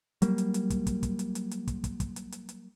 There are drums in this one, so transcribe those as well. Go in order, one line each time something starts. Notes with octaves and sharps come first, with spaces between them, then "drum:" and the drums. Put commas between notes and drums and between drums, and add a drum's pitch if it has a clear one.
F#3 G3 A#3, drum: hi-hat
drum: hi-hat
drum: hi-hat
drum: kick, hi-hat
drum: kick, hi-hat
drum: kick, hi-hat
drum: hi-hat
drum: hi-hat
drum: hi-hat
drum: kick, hi-hat
drum: kick, hi-hat
drum: kick, hi-hat
drum: hi-hat
drum: hi-hat
drum: hi-hat